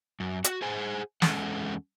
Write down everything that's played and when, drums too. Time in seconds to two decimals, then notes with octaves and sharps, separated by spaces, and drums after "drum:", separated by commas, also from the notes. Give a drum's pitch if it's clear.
0.20 F#2
0.44 F#4, drum: hi-hat
0.62 G#4 C5 F#5 G#5
1.22 E2 G#3 C#4 A4 F#5, drum: snare